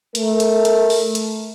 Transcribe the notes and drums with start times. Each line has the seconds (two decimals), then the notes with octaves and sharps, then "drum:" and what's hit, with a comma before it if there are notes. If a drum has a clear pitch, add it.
0.15 A3 A#4, drum: hi-hat
0.40 drum: hi-hat
0.65 drum: hi-hat
0.90 drum: open hi-hat
1.15 drum: hi-hat